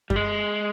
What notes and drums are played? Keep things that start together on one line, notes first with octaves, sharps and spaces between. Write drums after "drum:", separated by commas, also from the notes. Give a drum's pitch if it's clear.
G3, drum: kick F#2
G#3